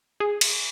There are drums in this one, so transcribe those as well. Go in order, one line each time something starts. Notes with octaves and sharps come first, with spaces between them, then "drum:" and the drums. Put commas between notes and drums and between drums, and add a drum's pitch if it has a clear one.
G#4
drum: cymbal